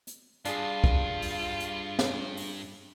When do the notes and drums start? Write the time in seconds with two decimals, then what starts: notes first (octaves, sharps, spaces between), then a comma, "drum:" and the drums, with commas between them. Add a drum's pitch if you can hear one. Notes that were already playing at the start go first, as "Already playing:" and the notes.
0.07 drum: hi-hat
0.45 G2 D4 F4 G#4, drum: hi-hat
0.84 drum: kick
1.22 drum: open hi-hat
1.60 drum: hi-hat
1.99 drum: snare
2.37 drum: open hi-hat